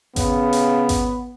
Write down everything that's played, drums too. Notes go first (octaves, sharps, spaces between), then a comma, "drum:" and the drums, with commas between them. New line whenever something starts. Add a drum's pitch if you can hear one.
C#3 B3, drum: kick G#1, hi-hat
drum: hi-hat
drum: kick G#1, hi-hat